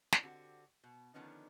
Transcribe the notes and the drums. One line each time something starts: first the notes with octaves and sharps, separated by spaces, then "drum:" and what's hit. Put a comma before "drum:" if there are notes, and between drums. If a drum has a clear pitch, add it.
drum: snare
D3 C4 F#4 G4
B2
D3 D#3 F3 B3 C#4 D#4